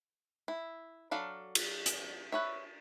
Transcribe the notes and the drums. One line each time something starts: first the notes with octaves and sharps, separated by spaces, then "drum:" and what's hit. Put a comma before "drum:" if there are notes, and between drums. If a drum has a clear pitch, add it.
E4
F#3 D4 A4 F5 B5
drum: cymbal
drum: hi-hat
B4 C#5 E5